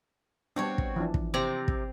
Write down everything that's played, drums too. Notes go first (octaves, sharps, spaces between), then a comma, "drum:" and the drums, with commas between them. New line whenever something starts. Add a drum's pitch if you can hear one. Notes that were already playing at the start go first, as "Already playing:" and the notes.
G3 B3 C4 D4 F#4 C#5
drum: kick
E3 F3 D4
drum: kick
C3 C4 D5 A#5
drum: kick